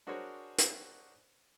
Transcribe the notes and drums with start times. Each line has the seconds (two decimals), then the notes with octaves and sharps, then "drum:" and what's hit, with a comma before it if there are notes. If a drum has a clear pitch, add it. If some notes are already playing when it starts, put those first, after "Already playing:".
0.07 D4 F#4 G#4 A#4 C5 C#5
0.58 drum: hi-hat